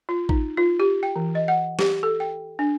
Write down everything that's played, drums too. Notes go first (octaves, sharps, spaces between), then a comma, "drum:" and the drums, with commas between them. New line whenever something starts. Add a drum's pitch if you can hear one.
F4
D#4, drum: kick A1
F4
G4
G5
E3
D#5
F#5
G4, drum: snare
A4
G5
D4